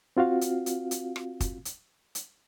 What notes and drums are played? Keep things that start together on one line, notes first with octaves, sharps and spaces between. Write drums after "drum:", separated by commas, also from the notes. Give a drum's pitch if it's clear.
C4 F4 F#4 F5
drum: hi-hat
drum: hi-hat
drum: hi-hat
drum: rim click
drum: kick, hi-hat
drum: hi-hat
drum: hi-hat